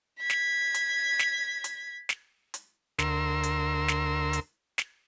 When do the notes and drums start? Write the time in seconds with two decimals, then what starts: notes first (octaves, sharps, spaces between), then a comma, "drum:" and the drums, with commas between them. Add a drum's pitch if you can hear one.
0.19 G#6 B6
0.30 drum: snare
0.74 drum: hi-hat
1.19 drum: snare
1.64 drum: hi-hat
2.09 drum: snare
2.54 drum: hi-hat
2.99 D2 A#4 C6 E6, drum: snare
3.43 drum: hi-hat
3.88 drum: snare
4.33 drum: hi-hat
4.78 drum: snare